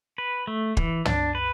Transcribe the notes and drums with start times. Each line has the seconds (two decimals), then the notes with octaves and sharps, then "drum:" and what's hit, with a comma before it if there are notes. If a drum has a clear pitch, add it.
0.18 B4
0.47 A3
0.77 E3, drum: kick
1.05 D4, drum: tom
1.35 B4